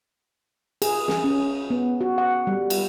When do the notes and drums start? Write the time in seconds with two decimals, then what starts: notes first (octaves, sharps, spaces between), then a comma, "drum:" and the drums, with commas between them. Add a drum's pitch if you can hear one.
0.82 G#4, drum: cymbal
1.08 G#4, drum: snare
1.24 C#4
1.70 B3
2.01 F#4
2.18 F#5
2.47 G3
2.70 drum: cymbal